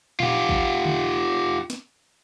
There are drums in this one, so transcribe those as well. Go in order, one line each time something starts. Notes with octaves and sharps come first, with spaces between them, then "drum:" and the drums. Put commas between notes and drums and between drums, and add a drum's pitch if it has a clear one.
F4 G4, drum: tom A#2
drum: kick
drum: tom C#3
drum: snare